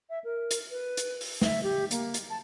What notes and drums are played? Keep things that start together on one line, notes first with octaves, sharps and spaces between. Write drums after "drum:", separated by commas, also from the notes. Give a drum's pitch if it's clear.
E5
A#4
drum: hi-hat
B4
drum: hi-hat
drum: open hi-hat
E5, drum: snare
G4
A#3, drum: hi-hat
drum: hi-hat
A5